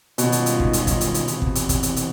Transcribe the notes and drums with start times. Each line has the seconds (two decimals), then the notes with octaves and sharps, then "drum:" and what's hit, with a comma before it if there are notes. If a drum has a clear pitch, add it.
0.18 G2 B2 D#3 G#3 C#4 F4, drum: hi-hat
0.32 drum: hi-hat
0.46 drum: hi-hat
0.60 drum: kick
0.73 drum: hi-hat
0.87 drum: kick, hi-hat
1.01 drum: hi-hat
1.14 drum: hi-hat
1.28 E2 C3 E3, drum: hi-hat
1.42 drum: kick
1.55 drum: hi-hat
1.69 drum: kick, hi-hat
1.83 drum: hi-hat
1.96 drum: hi-hat